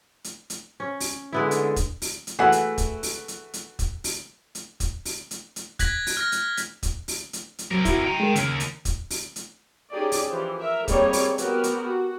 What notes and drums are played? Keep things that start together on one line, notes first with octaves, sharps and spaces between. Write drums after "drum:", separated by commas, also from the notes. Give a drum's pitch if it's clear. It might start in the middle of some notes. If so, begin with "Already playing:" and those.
drum: hi-hat
drum: hi-hat
C#4
drum: open hi-hat
D3 G#3 B3 E4
drum: hi-hat
drum: kick, hi-hat
drum: open hi-hat
drum: hi-hat
E3 A3 F#4 G#4 F#5
drum: hi-hat
drum: kick, hi-hat
drum: open hi-hat
drum: hi-hat
drum: hi-hat
drum: kick, hi-hat
drum: open hi-hat
drum: hi-hat
drum: kick, hi-hat
drum: open hi-hat
drum: hi-hat
drum: hi-hat
F#6 G#6 A#6 B6 F#7, drum: kick, hi-hat
drum: open hi-hat
F6 A#6
drum: hi-hat
drum: hi-hat
drum: kick, hi-hat
drum: open hi-hat
drum: hi-hat
drum: hi-hat
C3 F#3 A#4
E4 F#4, drum: kick, hi-hat
G5 A#5
G#3 A#4
D#2 C#3 A#4, drum: hi-hat
drum: hi-hat
drum: kick, hi-hat
drum: open hi-hat
drum: hi-hat
C#4 D#4 G4 G#4 D5
drum: open hi-hat
E3 F3 G4 C5
A#4 E5
G3 A#3 C4 D#4 G#4 C#5, drum: kick, hi-hat
drum: open hi-hat
B3 F#4 G4 A#4, drum: hi-hat
drum: hi-hat
F#4